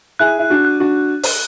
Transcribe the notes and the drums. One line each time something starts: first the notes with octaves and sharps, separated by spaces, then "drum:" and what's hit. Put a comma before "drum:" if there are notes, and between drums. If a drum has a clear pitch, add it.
E4 G#4 F#6
E4
D4 F#4
F#6
D4 F#4
drum: open hi-hat